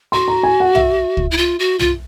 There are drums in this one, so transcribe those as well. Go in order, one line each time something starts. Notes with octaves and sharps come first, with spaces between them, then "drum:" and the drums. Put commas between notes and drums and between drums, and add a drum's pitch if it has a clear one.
F#4 C6
A#5
G#5
F#5
E5, drum: tom
drum: kick
E4
F4
F#4
F4, drum: tom